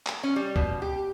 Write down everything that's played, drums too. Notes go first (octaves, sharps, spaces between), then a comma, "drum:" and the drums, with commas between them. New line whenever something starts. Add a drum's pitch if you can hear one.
drum: clap
C#4
G3
B2, drum: kick C2
G4